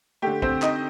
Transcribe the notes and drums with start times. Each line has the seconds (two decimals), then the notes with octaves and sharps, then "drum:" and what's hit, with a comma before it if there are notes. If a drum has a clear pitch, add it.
0.22 D3 A3 G4
0.42 C4 C5, drum: kick
0.62 D#4 D#5, drum: clap